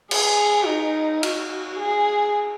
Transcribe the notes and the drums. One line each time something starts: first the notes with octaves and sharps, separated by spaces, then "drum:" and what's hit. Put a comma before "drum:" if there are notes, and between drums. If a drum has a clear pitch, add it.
G#4, drum: cymbal
D#4
F#4, drum: cymbal
G#4